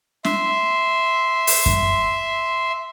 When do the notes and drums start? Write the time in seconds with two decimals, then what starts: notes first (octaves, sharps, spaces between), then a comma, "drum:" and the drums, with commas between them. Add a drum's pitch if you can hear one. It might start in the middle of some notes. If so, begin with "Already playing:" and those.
0.25 E5 C6, drum: snare
1.47 drum: open hi-hat
1.66 drum: kick F#2